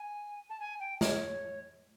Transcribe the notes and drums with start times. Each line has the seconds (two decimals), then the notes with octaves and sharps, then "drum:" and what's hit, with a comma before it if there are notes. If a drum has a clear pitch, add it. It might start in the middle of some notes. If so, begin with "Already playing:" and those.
Already playing: G#5
0.50 A5
0.60 G#5
0.80 G5
1.01 C#5, drum: snare